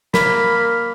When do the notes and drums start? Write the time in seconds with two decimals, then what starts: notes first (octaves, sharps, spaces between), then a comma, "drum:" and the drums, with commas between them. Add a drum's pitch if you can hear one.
0.14 A#3 B5, drum: snare